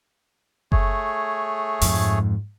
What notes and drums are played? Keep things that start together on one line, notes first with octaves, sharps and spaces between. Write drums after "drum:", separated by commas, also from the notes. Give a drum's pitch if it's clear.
A3 G#4 C#5, drum: kick F#1
F2 G#2, drum: open hi-hat